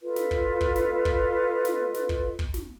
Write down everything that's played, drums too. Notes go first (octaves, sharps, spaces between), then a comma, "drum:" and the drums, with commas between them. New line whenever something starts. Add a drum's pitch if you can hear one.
F4 A4 B4 D#5
drum: snare
drum: kick
drum: kick
drum: snare
drum: kick
drum: snare
drum: snare
drum: kick
drum: kick
drum: snare